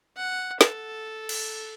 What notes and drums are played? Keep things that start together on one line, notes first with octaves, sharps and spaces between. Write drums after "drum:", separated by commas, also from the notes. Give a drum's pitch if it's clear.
F#5
A4, drum: snare
drum: cymbal